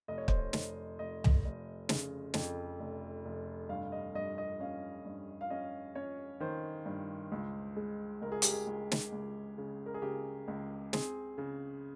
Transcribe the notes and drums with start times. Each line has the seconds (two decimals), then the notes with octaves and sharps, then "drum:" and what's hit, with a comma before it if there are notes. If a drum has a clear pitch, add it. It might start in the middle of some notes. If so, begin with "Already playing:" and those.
0.08 F1 D#5
0.18 C#5
0.28 C5, drum: kick
0.39 C#5
0.53 F1, drum: snare
0.99 F1 D#5
1.24 drum: tom
1.44 F1
1.89 C#3, drum: snare
2.34 F2, drum: snare
2.80 F1
3.25 F1
3.69 G2 F5
3.92 D#5
4.15 G2 D#5
4.38 D#5
4.60 C#4 F5
5.05 G2
5.41 F5
5.50 C#4 D#5
5.95 C#4 C#5
6.40 D#3 C5
6.86 G2
7.32 C#2
7.77 G#3
8.22 C#2 A#4
8.32 G#4
8.42 G4, drum: hi-hat
8.52 G#4
8.67 C#2
8.92 drum: snare
9.12 C#2
9.58 C#3
9.86 A#4
9.94 G#4
10.02 C#3 G4
10.48 C#2
10.93 C4 G#4, drum: snare
11.38 C#3